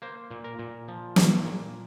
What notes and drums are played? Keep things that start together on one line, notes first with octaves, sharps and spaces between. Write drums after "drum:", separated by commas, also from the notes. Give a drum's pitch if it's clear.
A#3 C5
A#2
A#4
A#2
F3
A#3, drum: snare
A#2